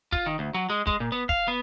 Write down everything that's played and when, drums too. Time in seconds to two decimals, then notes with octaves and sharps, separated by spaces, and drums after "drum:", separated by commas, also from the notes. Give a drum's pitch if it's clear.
0.12 F4, drum: kick
0.26 D#3
0.39 D2
0.54 F#3
0.70 G#3
0.87 G#3, drum: kick
1.00 A#2
1.12 B3
1.29 F5, drum: kick
1.48 B3